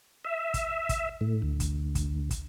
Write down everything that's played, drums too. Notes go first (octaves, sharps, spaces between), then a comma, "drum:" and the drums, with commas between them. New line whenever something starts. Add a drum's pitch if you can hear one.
E5
drum: kick, hi-hat
drum: kick, hi-hat
A2
D2
drum: kick, hi-hat
drum: kick, hi-hat
drum: kick, hi-hat